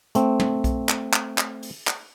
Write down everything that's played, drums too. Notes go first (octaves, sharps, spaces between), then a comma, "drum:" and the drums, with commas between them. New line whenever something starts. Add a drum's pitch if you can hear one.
A3 C4, drum: hi-hat
drum: tom
drum: kick B1, hi-hat
drum: clap
drum: clap
drum: clap
drum: open hi-hat
drum: clap